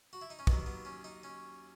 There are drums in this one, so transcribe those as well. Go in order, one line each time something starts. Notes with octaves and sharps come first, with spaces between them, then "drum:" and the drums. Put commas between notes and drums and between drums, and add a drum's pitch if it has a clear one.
F#4
E4
D#4
C#4
D#2 D#3 F#3 B3, drum: kick
B3
C#4
D#4
C#4